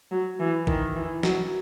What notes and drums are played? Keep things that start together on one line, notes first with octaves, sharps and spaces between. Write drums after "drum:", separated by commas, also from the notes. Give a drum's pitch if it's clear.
F#3
E3
D#3, drum: kick
E3
F#3, drum: snare